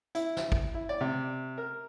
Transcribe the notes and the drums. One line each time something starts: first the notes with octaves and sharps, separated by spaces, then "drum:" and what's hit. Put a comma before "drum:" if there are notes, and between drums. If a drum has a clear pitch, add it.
E4, drum: hi-hat
drum: snare
drum: kick
E4
D5
C3
A#4